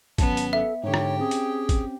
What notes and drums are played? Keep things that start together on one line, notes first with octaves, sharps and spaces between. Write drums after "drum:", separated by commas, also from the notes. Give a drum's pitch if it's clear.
G#1 F#3 B3 C#4 A5, drum: kick, hi-hat
drum: hi-hat
A4 E5
G#2 D3 G4 C#5 G5
drum: rim click
C4 C#4 G#4
drum: hi-hat
drum: kick, hi-hat